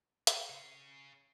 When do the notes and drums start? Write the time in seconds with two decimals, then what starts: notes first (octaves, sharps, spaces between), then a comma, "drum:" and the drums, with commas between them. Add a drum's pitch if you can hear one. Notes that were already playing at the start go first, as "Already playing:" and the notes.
0.27 drum: hi-hat
0.50 G#4 C#5